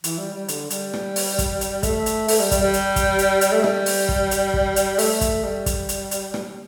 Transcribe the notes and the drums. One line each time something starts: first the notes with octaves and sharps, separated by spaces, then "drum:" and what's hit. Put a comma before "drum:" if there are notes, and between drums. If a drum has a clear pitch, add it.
E3, drum: hi-hat
G3
G3
D3, drum: hi-hat
G3, drum: hi-hat
drum: rim click
drum: open hi-hat
drum: kick, hi-hat
drum: hi-hat
A3, drum: kick, hi-hat
drum: hi-hat
A3, drum: open hi-hat
G3
G3, drum: kick, hi-hat
G3
drum: hi-hat
drum: kick, hi-hat
drum: hi-hat
drum: hi-hat
A3
G3, drum: rim click
drum: open hi-hat
drum: kick
drum: hi-hat
drum: kick
drum: hi-hat
A3, drum: open hi-hat
drum: kick, hi-hat
G3
drum: kick, hi-hat
drum: hi-hat
drum: hi-hat
drum: rim click